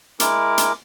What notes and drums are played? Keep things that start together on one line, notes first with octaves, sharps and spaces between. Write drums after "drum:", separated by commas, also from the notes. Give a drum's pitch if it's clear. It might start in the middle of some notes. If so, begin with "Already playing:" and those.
G#3 E4 A#4 D6, drum: hi-hat
drum: hi-hat